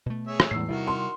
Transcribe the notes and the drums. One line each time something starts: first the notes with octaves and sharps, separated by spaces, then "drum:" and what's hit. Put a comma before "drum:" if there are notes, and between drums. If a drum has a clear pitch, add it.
B2 A3
G#4 C#5 E5
drum: rim click
E2 A2 G3 E6 C7
C3 D#3 G3 E4 F#4 A#4
C6